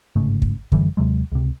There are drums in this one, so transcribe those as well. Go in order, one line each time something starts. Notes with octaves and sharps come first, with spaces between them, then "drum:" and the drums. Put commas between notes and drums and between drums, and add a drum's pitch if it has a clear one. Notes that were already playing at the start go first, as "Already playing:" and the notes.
G1 G#2 C#3 A3
drum: kick
F#2 D3 E3 G3, drum: kick
D#2 C3 F#3 G#3
C#2 C3